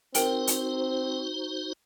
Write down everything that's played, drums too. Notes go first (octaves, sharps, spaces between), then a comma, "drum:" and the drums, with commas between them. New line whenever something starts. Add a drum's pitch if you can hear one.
C4 D#4 F#4 A#4 C5 G5 F#7, drum: hi-hat
drum: hi-hat